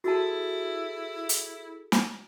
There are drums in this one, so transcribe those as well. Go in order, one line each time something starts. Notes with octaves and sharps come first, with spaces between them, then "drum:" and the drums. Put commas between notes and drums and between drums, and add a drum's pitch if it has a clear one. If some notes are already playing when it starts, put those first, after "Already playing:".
E4 F#4 G#4 A4 A5 A6
drum: hi-hat
drum: snare